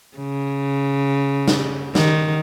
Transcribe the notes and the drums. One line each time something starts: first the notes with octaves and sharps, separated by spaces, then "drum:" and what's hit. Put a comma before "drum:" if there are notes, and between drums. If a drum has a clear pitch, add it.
C#3
drum: snare
D#3, drum: snare